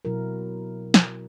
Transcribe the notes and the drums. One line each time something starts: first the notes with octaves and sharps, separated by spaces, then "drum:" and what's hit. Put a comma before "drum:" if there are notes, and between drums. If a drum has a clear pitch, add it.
B2 F#3 E4 F#4 A#4
drum: snare